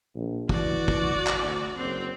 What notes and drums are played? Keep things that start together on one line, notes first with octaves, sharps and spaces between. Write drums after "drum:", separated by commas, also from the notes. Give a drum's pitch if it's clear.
A#1
E3 F#4 D5, drum: kick
drum: kick
drum: clap
D2
F#1 C4